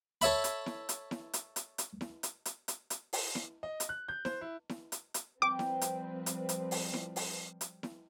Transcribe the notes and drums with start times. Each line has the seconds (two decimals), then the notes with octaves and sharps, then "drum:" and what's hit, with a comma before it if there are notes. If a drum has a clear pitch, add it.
0.21 A4 C#5 E5 B5, drum: hi-hat
0.44 drum: hi-hat
0.66 drum: snare E4
0.89 drum: hi-hat
1.11 drum: snare E4
1.33 drum: hi-hat
1.56 drum: hi-hat
1.78 drum: hi-hat
2.01 drum: snare E4
2.23 drum: hi-hat
2.45 drum: hi-hat
2.68 drum: hi-hat
2.90 drum: hi-hat
3.13 drum: open hi-hat
3.35 drum: snare E4
3.63 D#5
3.80 drum: hi-hat
3.89 F#6
4.08 G6
4.25 C5, drum: snare E4
4.41 E4
4.69 drum: snare E4
4.92 drum: hi-hat
5.14 drum: hi-hat
5.42 F3 G3 C4 B4 G5 D6
5.59 drum: snare E4
5.81 drum: hi-hat
6.26 drum: hi-hat
6.49 drum: hi-hat
6.71 drum: open hi-hat
6.93 drum: snare E4
7.16 drum: open hi-hat
7.61 drum: hi-hat
7.83 drum: snare E4